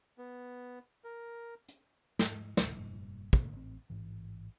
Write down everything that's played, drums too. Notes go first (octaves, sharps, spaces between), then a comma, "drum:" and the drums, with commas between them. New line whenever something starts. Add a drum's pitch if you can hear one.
B3
A#4
drum: hi-hat
G#2, drum: snare
A1 D#2 A#2 C#3, drum: snare
F1 G2 A#2
B2 D3 A#3, drum: kick
A1 C4
A1 G#2 E3